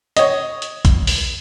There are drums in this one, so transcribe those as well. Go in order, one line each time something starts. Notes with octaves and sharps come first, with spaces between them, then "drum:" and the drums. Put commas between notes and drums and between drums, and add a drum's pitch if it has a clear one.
C#5 D#5, drum: hi-hat
drum: hi-hat
drum: kick A#1, hi-hat
drum: open hi-hat